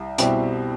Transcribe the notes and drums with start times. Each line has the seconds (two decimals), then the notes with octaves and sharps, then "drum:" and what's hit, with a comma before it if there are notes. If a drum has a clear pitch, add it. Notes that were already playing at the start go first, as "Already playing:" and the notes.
Already playing: C2
0.18 B2 G3 C4 E4, drum: hi-hat